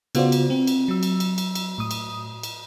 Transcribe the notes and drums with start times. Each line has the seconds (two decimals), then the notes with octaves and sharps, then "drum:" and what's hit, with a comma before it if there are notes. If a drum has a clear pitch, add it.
0.15 C#3 B3 F4 F#4 C5 D5, drum: cymbal
0.32 drum: cymbal
0.50 C4
0.67 drum: cymbal
0.88 F#3 E6
1.03 drum: cymbal
1.20 drum: cymbal
1.38 drum: cymbal
1.55 drum: cymbal
1.78 A2 D#6
1.91 drum: cymbal
2.43 drum: cymbal